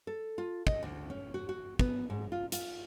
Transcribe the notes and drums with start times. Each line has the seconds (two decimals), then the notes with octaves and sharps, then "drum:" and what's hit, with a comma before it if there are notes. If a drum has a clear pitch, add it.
0.07 A4
0.38 F4
0.67 D#5, drum: kick
0.83 D2
1.10 C#4
1.34 F#4
1.49 F#4
1.79 B3, drum: kick
2.10 G#2
2.32 F4
2.52 F4, drum: hi-hat